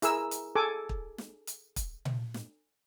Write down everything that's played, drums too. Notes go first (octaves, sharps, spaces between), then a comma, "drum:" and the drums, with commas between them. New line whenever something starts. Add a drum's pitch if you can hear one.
E4 G#4 A#4 E6, drum: hi-hat
drum: hi-hat
G#4 A4 G#5 D6
drum: kick
drum: snare
drum: hi-hat
drum: kick, hi-hat
drum: tom A#2
drum: snare